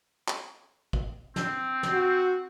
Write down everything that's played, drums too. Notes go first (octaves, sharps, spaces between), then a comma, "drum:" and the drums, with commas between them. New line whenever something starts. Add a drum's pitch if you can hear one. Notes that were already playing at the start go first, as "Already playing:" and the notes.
drum: clap
drum: kick
C4, drum: snare
drum: snare
F#4